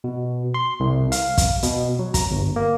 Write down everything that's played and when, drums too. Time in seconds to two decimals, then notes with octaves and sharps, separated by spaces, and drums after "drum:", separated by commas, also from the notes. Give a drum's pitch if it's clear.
0.04 B2
0.54 C6
0.80 C2
1.12 F5, drum: hi-hat
1.38 drum: kick, hi-hat
1.63 B2, drum: hi-hat
1.99 F#3
2.14 A#5, drum: kick, hi-hat
2.31 G1
2.56 A#3